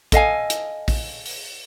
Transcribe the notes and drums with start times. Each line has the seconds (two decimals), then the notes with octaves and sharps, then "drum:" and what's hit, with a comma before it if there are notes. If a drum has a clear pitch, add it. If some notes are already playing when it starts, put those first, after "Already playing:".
0.12 A4 D#5 F5 G#5, drum: kick A#1, hi-hat
0.50 drum: hi-hat
0.88 drum: kick A#1, open hi-hat
1.26 drum: open hi-hat